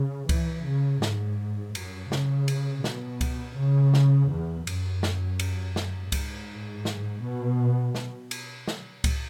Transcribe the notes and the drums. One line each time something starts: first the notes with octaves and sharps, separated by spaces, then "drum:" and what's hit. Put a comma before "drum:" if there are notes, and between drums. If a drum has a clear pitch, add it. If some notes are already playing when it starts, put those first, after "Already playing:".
Already playing: C#3
E3, drum: kick C#2, cymbal
C#3
G#2, drum: snare
F#2, drum: cymbal
C#3, drum: snare
drum: cymbal
B2, drum: snare
drum: kick C#2, cymbal
C#3
drum: snare
E2
F#2, drum: cymbal
drum: snare
drum: cymbal
F#2, drum: snare
G#2, drum: kick C#2, cymbal
drum: snare
B2
drum: snare
drum: cymbal
drum: snare
drum: kick C#2, cymbal